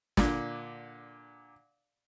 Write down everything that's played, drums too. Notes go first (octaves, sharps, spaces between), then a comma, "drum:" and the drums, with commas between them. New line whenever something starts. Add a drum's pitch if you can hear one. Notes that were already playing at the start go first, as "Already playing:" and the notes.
A#2 D3, drum: snare